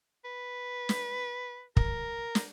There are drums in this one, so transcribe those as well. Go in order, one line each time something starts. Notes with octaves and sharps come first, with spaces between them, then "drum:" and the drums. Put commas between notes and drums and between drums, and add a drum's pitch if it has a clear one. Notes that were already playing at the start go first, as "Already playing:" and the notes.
B4
drum: snare
A#4, drum: kick
drum: snare